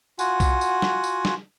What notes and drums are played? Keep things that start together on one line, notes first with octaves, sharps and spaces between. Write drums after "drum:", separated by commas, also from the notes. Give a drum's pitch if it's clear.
F4 F#4 F#5 G#5, drum: tambourine
drum: kick, tambourine
drum: tambourine
drum: snare
drum: tambourine
drum: snare